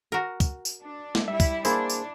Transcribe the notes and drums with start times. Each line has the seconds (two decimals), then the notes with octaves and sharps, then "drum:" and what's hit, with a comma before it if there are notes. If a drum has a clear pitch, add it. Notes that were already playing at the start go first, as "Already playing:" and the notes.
0.12 F#4 A#4
0.40 drum: kick, tambourine
0.65 drum: tambourine
0.82 D4
1.15 drum: snare
1.28 G3 E4 E5
1.40 drum: kick, tambourine
1.65 A#3 D4 E4 G#4 C5, drum: tambourine
1.90 drum: tambourine